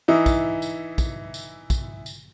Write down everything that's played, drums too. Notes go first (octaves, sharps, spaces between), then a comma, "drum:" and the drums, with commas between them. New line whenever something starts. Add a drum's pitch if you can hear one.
E3 D#4 E4
drum: kick, tambourine
drum: tambourine
drum: kick, tambourine
drum: tambourine
drum: kick, tambourine
drum: tambourine